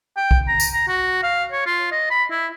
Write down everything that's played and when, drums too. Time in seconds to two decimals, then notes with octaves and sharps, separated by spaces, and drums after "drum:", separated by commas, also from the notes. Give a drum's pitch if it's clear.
0.17 G5
0.31 drum: kick B1
0.48 A#5
0.60 drum: tambourine
0.74 A#5
0.88 F#4
1.23 F5
1.52 C#5
1.66 F4
1.92 D#5
2.11 B5
2.31 E4